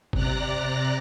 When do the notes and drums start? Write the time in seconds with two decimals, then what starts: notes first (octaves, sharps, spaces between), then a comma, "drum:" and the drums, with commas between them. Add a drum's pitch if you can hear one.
0.13 C3 D5 A#5 F#6 A#6, drum: kick G1